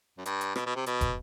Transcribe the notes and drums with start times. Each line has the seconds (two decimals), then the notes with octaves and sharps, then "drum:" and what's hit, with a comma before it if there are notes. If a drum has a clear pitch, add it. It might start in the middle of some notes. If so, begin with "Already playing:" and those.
0.18 F#2
0.26 G2, drum: hi-hat
0.41 drum: hi-hat
0.56 B2, drum: rim click
0.66 B2
0.75 C3
0.86 B2, drum: hi-hat
1.01 drum: kick, hi-hat